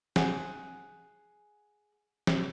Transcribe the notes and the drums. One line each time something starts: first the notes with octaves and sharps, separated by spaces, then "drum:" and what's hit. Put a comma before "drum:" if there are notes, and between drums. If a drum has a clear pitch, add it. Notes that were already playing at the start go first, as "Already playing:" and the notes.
G#4 F#5, drum: snare
drum: snare